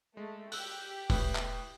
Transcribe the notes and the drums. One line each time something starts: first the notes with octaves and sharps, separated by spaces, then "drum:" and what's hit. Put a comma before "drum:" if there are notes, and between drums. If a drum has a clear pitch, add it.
G#3 A3
G4 E6 F#6, drum: open hi-hat
E1 A2 B4, drum: kick, open hi-hat
drum: clap